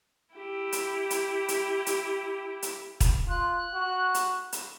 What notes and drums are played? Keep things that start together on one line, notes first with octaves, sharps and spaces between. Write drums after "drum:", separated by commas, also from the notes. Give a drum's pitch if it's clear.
E4 G4
drum: hi-hat
drum: hi-hat
drum: hi-hat
drum: hi-hat
drum: hi-hat
drum: kick, hi-hat
F4 F#6
F#4
drum: hi-hat
drum: hi-hat